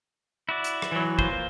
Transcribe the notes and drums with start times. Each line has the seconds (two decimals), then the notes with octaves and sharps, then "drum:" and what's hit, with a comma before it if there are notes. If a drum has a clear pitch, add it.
0.49 E4 F#4 D5
0.64 drum: hi-hat
0.82 drum: rim click
0.92 E3 F#3
1.19 A#3 F4 C5, drum: kick